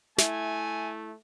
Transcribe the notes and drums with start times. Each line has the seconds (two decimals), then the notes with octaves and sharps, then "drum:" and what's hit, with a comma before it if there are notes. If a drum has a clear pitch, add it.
0.18 A3 E4 G#5, drum: snare